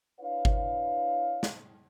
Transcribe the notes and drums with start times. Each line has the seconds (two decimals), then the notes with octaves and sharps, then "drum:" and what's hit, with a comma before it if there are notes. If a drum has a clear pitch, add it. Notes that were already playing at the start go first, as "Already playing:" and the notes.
0.21 D4 E4 B4 C#5 F5
0.45 drum: kick G1
1.43 drum: snare